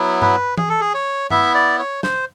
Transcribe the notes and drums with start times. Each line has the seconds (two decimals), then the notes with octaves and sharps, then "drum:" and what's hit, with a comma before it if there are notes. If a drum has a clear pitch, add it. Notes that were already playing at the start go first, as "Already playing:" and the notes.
Already playing: F#3 B3 E4
0.22 B4, drum: tom G2
0.58 G#4, drum: tom E3
0.69 A4
0.81 G#4
0.94 C#5
1.30 B3 E4 E5, drum: tom G2
1.54 D5
1.79 C#5
2.03 C5, drum: snare